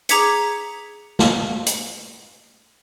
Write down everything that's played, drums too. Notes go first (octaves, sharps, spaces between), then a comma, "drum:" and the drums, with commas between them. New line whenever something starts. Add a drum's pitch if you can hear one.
G#4 A#5 D6 G#6 B6 C#7, drum: hi-hat
drum: snare
drum: hi-hat